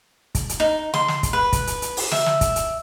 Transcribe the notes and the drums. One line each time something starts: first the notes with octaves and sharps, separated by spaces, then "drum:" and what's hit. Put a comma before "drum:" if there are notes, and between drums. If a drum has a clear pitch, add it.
drum: kick, hi-hat
drum: hi-hat
D#4
C6, drum: snare
drum: snare
drum: kick, hi-hat
B4
drum: kick, hi-hat
drum: hi-hat
drum: hi-hat
drum: open hi-hat
E5, drum: snare
drum: snare
drum: kick, hi-hat
drum: hi-hat